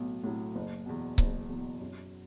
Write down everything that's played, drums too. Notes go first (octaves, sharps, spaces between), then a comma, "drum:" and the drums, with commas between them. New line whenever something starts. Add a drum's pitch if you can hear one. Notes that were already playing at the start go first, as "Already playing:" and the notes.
Already playing: B1 A2 F#3
A2 F#3
F#1
E2 B2
F#1, drum: kick C#1
E2 B2
F#2